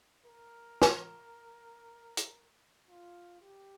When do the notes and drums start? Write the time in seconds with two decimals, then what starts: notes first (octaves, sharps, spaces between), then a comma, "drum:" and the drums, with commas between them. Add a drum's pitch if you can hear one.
0.25 A#4
0.82 drum: snare
2.17 drum: hi-hat
2.89 F4
3.41 G4